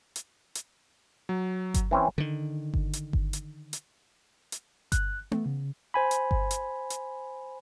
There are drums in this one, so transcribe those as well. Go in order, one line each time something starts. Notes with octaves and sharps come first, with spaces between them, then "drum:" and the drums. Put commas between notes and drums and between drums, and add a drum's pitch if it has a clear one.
drum: hi-hat
drum: hi-hat
F#3
drum: kick G1, hi-hat
E3 C4 C#4
D3 D#3
drum: kick G1
drum: hi-hat
drum: kick G1
drum: hi-hat
drum: hi-hat
drum: hi-hat
F#6, drum: kick G1, hi-hat
A3, drum: tom B3
C#3
C5 G#5 B5
drum: hi-hat
drum: kick G1
drum: hi-hat
drum: hi-hat